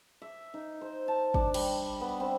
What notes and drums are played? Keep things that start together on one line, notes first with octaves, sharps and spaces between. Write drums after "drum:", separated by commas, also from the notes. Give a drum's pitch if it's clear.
E5
D#4
C5
A5
D4, drum: kick G#1
G3, drum: cymbal
B3
C4